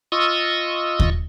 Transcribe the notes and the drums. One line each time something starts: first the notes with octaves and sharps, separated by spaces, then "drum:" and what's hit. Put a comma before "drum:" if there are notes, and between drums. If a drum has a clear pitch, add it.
F4 D#5 C#6 D#6 E6
drum: kick